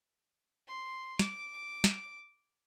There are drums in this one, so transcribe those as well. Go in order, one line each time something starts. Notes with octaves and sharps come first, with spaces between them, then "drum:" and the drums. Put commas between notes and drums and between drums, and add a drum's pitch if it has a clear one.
C6
D6, drum: snare
drum: snare